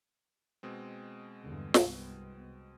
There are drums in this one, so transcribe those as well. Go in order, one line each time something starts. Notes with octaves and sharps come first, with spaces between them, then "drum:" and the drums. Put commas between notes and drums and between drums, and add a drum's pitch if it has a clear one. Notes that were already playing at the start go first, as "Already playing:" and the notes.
B2 G#3 C4
E2 G2 D3
C2 B3, drum: snare